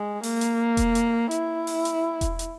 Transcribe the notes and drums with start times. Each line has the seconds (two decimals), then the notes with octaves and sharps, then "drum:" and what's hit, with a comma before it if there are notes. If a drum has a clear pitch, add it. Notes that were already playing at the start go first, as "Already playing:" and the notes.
Already playing: G#3
0.23 A#3, drum: open hi-hat
0.41 drum: hi-hat
0.77 drum: kick E1, hi-hat
0.95 drum: hi-hat
1.31 E4, drum: hi-hat
1.67 drum: open hi-hat
1.85 drum: hi-hat
2.21 drum: kick E1, hi-hat
2.39 drum: hi-hat